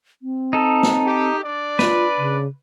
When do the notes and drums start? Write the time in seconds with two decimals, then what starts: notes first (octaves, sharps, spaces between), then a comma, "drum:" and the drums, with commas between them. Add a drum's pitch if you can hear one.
0.22 C4
0.53 D#4 A4
0.83 drum: snare
1.06 G4
1.44 D4 D5
1.79 F4 B4, drum: snare
2.18 C#3